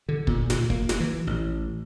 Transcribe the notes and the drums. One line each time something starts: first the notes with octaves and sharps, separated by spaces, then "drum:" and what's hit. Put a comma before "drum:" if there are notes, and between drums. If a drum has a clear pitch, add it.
D3
A#2, drum: kick
A#2, drum: snare
A#3, drum: kick
drum: snare
E3
A1